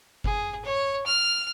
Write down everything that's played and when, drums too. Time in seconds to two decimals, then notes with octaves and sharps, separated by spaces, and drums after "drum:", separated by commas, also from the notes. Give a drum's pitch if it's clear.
0.24 G#4, drum: kick G1
0.64 C#5
1.06 F6